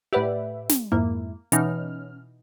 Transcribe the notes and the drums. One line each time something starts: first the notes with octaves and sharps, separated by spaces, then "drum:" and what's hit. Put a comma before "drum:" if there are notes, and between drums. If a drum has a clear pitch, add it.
A2 G4 B4 D5 E5 F#5
drum: snare
F2 G#2 A#3 E4
B2 E3 C#4 D#4 F6, drum: hi-hat